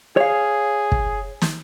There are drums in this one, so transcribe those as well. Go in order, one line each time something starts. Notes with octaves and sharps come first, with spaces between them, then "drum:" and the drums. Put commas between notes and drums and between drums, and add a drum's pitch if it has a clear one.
G#4 C#5 F5
drum: kick
drum: snare